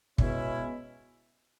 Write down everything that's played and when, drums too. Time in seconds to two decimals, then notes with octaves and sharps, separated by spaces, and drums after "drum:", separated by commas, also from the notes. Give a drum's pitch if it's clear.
0.18 B2 G#3 C#4 E4, drum: kick